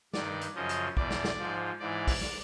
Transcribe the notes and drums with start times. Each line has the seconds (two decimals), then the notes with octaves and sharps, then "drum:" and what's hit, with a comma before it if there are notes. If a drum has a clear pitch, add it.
0.13 G2 D#3 D5, drum: snare
0.41 drum: hi-hat
0.55 F#2 C#3 F3 D#5
0.69 drum: hi-hat
0.97 E2 B2 D5, drum: kick
1.11 drum: snare
1.24 drum: snare
1.39 G#2 F3
1.80 G#2 E3 D5
2.07 drum: kick, open hi-hat
2.21 drum: snare